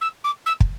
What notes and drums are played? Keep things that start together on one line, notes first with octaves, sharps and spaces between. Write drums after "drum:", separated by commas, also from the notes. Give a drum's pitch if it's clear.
E6
D6
E6
drum: kick